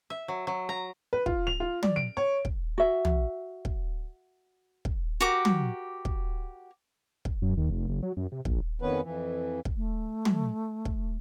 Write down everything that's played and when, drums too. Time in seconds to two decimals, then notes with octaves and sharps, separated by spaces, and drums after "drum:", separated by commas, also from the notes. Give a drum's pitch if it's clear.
0.10 E5
0.28 F#3
0.47 F#3
0.69 A#5
1.13 B4
1.26 F4, drum: kick
1.47 F7
1.60 F4
1.83 D5, drum: tom
1.96 D7
2.17 C#5
2.45 drum: kick
2.78 F#4 E5
3.05 drum: tom
3.65 drum: kick
4.85 drum: kick
5.21 F#4 G4 A#4 D6
5.45 drum: tom
6.05 drum: kick
7.25 drum: kick
7.42 F#2
7.57 D#2
7.70 F1
7.88 F#1
8.03 F#3
8.17 F#2
8.32 C3
8.45 A#1, drum: kick
8.82 F2 D#3 B3 C#4 B4
9.02 F2 E3
9.65 drum: kick
9.77 A3
10.25 drum: tom
10.85 drum: kick